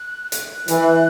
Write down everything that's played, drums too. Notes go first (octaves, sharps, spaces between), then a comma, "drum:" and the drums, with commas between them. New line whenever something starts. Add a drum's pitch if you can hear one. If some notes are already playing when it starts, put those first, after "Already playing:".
Already playing: F#6
F#6, drum: hi-hat
E3, drum: hi-hat